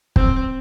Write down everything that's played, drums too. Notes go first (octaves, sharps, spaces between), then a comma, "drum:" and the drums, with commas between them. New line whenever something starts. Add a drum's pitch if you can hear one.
C4, drum: kick